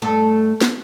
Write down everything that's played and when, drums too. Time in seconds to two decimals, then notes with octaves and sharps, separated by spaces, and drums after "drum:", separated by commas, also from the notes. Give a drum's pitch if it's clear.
0.02 G2 A3 A4
0.61 drum: snare